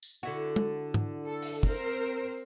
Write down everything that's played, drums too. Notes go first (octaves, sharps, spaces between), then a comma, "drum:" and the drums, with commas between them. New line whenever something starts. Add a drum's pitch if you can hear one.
drum: tambourine
D3 E4 F#4
drum: tom
drum: tom G#2
A4
drum: open hi-hat
C4 A#4 C5, drum: kick